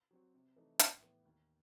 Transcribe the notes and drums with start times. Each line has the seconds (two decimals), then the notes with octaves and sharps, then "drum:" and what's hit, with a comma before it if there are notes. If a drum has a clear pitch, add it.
0.11 F#3 C4 F#4
0.34 C3
0.56 E3 A3 D#4
0.79 A2, drum: hi-hat
1.02 E3 B3
1.25 D#2